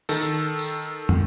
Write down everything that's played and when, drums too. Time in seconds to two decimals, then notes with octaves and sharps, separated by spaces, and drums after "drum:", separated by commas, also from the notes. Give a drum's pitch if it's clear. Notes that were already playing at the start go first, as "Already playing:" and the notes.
0.09 D#3 A4, drum: tambourine
0.59 drum: tambourine
1.09 drum: tom